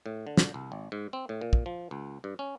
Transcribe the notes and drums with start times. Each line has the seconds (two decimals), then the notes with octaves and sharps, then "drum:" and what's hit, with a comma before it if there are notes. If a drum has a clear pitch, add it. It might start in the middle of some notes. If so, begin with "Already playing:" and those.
0.06 A2
0.27 D3
0.37 drum: snare
0.54 C2
0.72 G#1
0.92 G#2
1.13 C4
1.29 A2
1.41 A#2
1.53 drum: kick
1.66 F3
1.91 C#2
2.24 G2
2.39 C#4